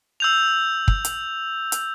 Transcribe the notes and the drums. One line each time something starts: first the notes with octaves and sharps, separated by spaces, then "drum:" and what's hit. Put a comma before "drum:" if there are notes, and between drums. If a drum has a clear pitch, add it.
E6 G6 F7
drum: kick
drum: hi-hat
drum: hi-hat